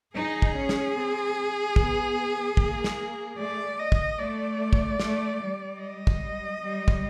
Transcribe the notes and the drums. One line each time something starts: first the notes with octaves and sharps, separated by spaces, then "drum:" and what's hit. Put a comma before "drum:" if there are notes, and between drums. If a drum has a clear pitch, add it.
D#4 G#4
drum: kick
C#4
drum: snare
C4
B3, drum: kick
A#3, drum: kick
drum: snare
A3 D5
D#5
drum: kick
A3 D5
drum: kick
A3, drum: snare
G3
D#5
drum: kick
G3
drum: kick